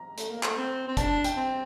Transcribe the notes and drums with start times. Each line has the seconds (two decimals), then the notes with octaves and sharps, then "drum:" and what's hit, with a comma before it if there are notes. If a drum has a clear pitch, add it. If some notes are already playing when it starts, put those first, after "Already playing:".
Already playing: A#5
0.18 A3, drum: hi-hat
0.30 A#3
0.43 A3, drum: clap
0.57 C4
0.88 C4
0.97 D4 A5, drum: kick, hi-hat
1.24 G5, drum: hi-hat
1.37 C4